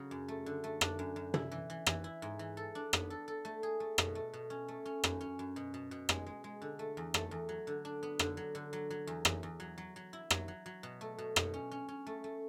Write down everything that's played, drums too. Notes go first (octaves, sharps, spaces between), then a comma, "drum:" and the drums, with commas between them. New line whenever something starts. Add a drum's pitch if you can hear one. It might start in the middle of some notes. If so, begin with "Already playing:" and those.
Already playing: C#3 F#3
F#2
A3
D3
A3
D4, drum: rim click
F#2
F#2
E4, drum: tom
E3
E3
E3, drum: rim click
E4
G#2
E3
A4
D4
B3, drum: rim click
A4
A4
A3
G#4
A3
B2, drum: rim click
A3
B2
C#4
A3
C#4
F#2, drum: rim click
C#4
F#2
B2
B2
B2
G#3, drum: rim click
G#3
G#3
D3
A3
E2
A3, drum: rim click
E2
F#3
D3
D4
B3
D3, drum: rim click
F#3
D3
F#3
F#3
E2
E2, drum: rim click
E2
F#3
F#3
F#3
E4
F#3, drum: rim click
F#3
F#3
B2
A3
B2
B2, drum: rim click
C#4
C#4
C#4
A3
A3